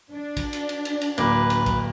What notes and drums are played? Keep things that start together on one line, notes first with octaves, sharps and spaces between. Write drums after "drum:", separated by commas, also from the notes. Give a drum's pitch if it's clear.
D4
drum: kick, cymbal
drum: cymbal
drum: cymbal
drum: cymbal
drum: cymbal
D1 A#3 B4 D6, drum: cymbal
drum: cymbal
drum: kick, cymbal